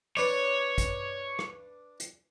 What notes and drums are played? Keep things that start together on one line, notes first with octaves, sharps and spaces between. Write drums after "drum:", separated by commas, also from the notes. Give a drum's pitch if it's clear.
D4 B4 C#5
drum: kick, hi-hat
drum: rim click
drum: hi-hat